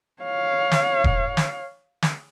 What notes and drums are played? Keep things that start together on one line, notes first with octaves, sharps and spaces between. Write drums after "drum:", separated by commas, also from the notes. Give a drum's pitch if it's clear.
C#5 F5
drum: snare
drum: kick E1
drum: snare
drum: snare